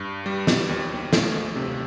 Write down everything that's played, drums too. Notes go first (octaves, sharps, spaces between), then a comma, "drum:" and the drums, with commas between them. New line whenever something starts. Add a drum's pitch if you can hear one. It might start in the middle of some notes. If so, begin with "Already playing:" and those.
Already playing: G2
G3
drum: snare
D#2
A3, drum: snare
C3